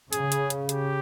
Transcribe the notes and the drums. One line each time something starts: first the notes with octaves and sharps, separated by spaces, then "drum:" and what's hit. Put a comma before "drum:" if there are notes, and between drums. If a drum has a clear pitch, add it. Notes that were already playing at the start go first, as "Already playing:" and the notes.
C#3 G#4, drum: hi-hat
drum: hi-hat
drum: hi-hat
G4, drum: hi-hat